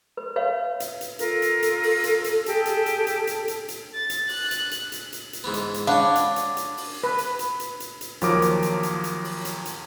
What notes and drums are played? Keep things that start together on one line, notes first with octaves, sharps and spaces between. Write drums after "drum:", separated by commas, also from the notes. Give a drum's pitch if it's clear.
B4
B4 C#5 E5 F5
drum: hi-hat
drum: hi-hat
F4 A4 A#4, drum: hi-hat
drum: hi-hat
drum: hi-hat
drum: open hi-hat
drum: hi-hat
drum: hi-hat
G4 G#4 A5, drum: hi-hat
drum: hi-hat
drum: hi-hat
drum: hi-hat
drum: hi-hat
drum: hi-hat
drum: hi-hat
A6
drum: hi-hat
F#6, drum: open hi-hat
drum: hi-hat
drum: hi-hat
drum: hi-hat
drum: hi-hat
drum: hi-hat
G#2 E3 B3
drum: hi-hat
drum: hi-hat
C#4 D4 B4 F5 F#5
drum: hi-hat
drum: hi-hat
drum: hi-hat
drum: open hi-hat
B4
drum: hi-hat
drum: hi-hat
drum: hi-hat
drum: hi-hat
drum: hi-hat
D#2 F3 F#3 A#4 D6, drum: hi-hat
drum: hi-hat
drum: hi-hat
drum: hi-hat
drum: hi-hat
drum: open hi-hat
drum: hi-hat
drum: hi-hat